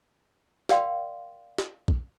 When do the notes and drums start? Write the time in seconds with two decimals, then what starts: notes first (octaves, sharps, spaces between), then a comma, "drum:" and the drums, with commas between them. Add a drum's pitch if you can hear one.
0.69 A#4 D5 F5 G5 C6, drum: snare
1.58 drum: snare
1.88 drum: kick B1